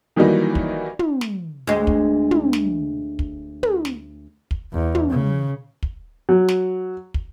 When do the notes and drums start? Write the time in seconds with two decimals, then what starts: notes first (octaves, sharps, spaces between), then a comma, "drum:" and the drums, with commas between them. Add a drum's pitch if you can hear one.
0.16 D#3 E3 F#3 G3 A#3 D#4
0.55 drum: kick
0.99 drum: tom
1.21 drum: snare
1.67 D2 G#3
1.87 drum: kick
2.31 drum: tom
2.53 drum: snare
3.19 drum: kick
3.63 drum: tom
3.85 drum: snare
4.51 drum: kick
4.73 E2
4.95 drum: tom
5.10 C#3
5.83 drum: kick
6.29 F#3
6.48 drum: snare
7.14 drum: kick